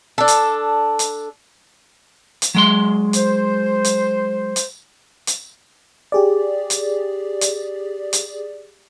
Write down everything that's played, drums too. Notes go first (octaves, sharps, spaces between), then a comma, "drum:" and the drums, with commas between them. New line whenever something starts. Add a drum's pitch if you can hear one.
D4 A4
drum: hi-hat
drum: hi-hat
drum: hi-hat
F#3 G#3 C6
C5, drum: hi-hat
drum: hi-hat
drum: hi-hat
drum: hi-hat
G4 G#4 D5
drum: hi-hat
drum: hi-hat
drum: hi-hat